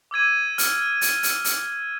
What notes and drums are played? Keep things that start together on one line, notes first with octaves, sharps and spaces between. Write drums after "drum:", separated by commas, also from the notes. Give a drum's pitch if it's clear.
D6 E6 G#6 D#7
F6, drum: hi-hat
drum: hi-hat
drum: hi-hat
drum: hi-hat